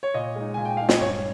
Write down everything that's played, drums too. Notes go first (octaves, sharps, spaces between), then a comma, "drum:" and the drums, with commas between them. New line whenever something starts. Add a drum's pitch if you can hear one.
C#5
A#2 D#5
G#3 D#4
A#2 G#5
G5
G#3 D#4 F5
D#5, drum: snare
G2 C#5